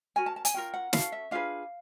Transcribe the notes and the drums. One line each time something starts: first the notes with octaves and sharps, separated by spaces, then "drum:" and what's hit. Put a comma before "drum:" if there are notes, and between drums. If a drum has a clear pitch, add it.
C#4 F#4 A#4 G#5
A5
A5
G#5, drum: hi-hat
C#4 F4 A#4 G5
F#5
C#4 F#4 A4 F5, drum: snare
E5
D4 F4 G#4 B4 F5